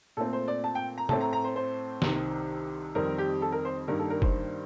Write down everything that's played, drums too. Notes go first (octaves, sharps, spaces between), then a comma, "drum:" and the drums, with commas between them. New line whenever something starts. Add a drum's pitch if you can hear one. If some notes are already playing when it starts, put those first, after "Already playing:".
A#2 A3 C4 A4
C5
D5
A5
G5
A#5
A2 A3 C4 A5, drum: tom C3
A#5
A#5
C5
C5
C2 C3 D#3, drum: snare
F2 D#3 G3 C4 A#4
G4
A4
A#4
C5
G2 D#3 G3 A#3 A#4
A4
A#4
C5, drum: kick F#1